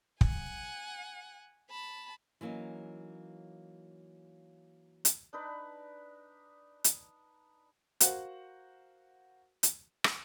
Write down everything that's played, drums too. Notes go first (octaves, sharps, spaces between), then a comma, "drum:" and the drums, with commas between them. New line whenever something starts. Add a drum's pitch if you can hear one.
F#5 G#5, drum: kick
A5 B5
E3 F#3 A#3 C#4 D#4
drum: hi-hat
D4 D#4 B4
drum: hi-hat
F#4 A#4 C5 F5 F#5, drum: hi-hat
drum: hi-hat
drum: rim click